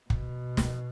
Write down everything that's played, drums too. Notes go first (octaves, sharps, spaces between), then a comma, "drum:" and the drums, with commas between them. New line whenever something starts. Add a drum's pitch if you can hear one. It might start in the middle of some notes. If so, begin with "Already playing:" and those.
B2, drum: kick
drum: snare